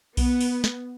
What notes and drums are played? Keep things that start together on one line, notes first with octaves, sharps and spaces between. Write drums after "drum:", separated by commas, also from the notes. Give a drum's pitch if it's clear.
B3, drum: kick B1, open hi-hat
drum: open hi-hat
drum: snare